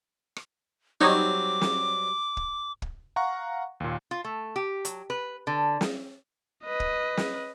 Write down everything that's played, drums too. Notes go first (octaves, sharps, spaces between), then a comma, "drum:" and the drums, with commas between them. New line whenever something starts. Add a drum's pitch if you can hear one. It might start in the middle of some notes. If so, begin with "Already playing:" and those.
drum: rim click
F#3 G3 C4 D#4 C#5 D#5 D6
drum: snare
drum: kick
drum: kick
F5 F#5 A#5 C#6
D#2 A#2
F4
A3
G4
F#3, drum: hi-hat
B4
D3
drum: snare
B4 D#5
drum: kick
drum: snare